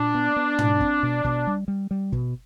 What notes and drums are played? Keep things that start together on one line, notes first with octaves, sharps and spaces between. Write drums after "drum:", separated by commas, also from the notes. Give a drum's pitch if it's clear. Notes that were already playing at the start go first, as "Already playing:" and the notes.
Already playing: A#2 D4
B3
B3
B2, drum: tom
C4, drum: kick
B2
B2, drum: kick
G3
G3
G3
B2, drum: kick